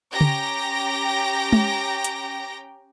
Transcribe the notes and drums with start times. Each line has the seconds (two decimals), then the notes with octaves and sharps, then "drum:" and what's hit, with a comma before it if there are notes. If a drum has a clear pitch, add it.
0.12 C#4 G4 G5 A#5 A#6
0.21 drum: tom C#3
1.53 drum: tom G#3
2.04 drum: hi-hat